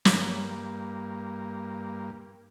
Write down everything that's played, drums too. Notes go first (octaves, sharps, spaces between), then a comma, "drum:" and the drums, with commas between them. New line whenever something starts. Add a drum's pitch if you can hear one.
G2 A#3, drum: snare